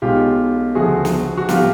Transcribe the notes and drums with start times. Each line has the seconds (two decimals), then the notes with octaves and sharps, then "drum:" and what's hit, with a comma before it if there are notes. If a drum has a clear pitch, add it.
0.02 B1 B2 G#3 F4 G4
0.75 D2 C#3 F3 A3 F#4 G#4
1.05 drum: snare
1.37 F#4
1.49 A2 F3 A3 F4 G4, drum: snare